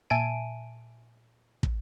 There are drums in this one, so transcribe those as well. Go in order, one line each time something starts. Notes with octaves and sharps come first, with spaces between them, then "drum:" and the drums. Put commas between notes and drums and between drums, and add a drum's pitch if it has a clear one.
A#2 E5 G#5 A5 D7 D#7
drum: kick